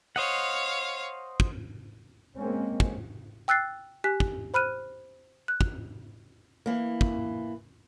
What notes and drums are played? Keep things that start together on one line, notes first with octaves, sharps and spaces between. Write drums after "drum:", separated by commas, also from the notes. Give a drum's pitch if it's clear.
C5 C#5 D#5 F5 F#5
drum: kick
G#3 A#3 C4 C#4
drum: kick
G5 E6 F#6 A6 C7
G4 G#5 F#6 B6
drum: kick
C5 B5 F6 F#6 D#7
F#6
drum: kick
E3 A#3
drum: kick